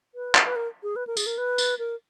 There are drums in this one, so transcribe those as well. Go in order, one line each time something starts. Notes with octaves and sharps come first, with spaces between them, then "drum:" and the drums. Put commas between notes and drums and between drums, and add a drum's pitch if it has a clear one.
B4
drum: clap
B4
A#4
G#4
B4
A#4
G#4, drum: tambourine
A#4
B4
drum: tambourine
A#4